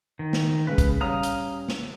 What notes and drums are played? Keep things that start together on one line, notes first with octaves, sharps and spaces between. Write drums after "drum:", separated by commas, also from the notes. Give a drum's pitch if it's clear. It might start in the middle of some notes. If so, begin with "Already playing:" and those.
D#3
drum: snare
C#3 G#3 B4
drum: kick, hi-hat
G3 C#4 F5 A#5 D#6
drum: hi-hat
drum: snare